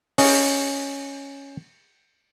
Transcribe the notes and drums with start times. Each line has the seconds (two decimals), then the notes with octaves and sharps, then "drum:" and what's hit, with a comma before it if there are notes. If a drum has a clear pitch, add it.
0.18 C#4 D#5, drum: open hi-hat